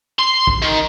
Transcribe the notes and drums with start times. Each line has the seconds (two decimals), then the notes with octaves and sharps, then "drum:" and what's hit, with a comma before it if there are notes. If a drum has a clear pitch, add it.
0.19 C6
0.47 drum: kick
0.62 D#3